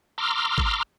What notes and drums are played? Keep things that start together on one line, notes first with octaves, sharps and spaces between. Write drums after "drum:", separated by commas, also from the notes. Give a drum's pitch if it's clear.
A#5 C6 D6 E6 F6
drum: kick